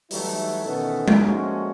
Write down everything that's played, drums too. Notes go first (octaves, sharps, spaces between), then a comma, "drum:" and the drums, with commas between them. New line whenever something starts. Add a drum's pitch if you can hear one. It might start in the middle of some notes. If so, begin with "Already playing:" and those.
E3 F#3 G3 A3 D#4 E4, drum: open hi-hat
B2 D#3 E3 B3 C#4 A4
drum: tom G#3
A#2 F3 G#3 A3 C#4 F#4